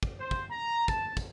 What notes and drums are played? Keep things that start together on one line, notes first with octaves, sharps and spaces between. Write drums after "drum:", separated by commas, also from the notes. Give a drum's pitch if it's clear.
drum: kick
C5
drum: kick
A#5
A5, drum: kick, tambourine
drum: kick, tambourine